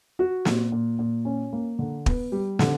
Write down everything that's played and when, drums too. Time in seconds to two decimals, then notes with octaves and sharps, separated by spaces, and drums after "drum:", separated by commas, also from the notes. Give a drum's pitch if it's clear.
0.19 F#4
0.45 A#2, drum: snare
0.72 A#2
0.99 A#2
1.25 C#4
1.53 A#3
1.79 D3
2.06 B3, drum: kick
2.32 G3
2.59 D3, drum: snare